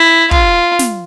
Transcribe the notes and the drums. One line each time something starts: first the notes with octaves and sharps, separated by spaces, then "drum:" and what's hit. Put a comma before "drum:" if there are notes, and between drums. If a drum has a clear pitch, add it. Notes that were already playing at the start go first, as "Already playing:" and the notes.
Already playing: E4
F4, drum: kick
drum: snare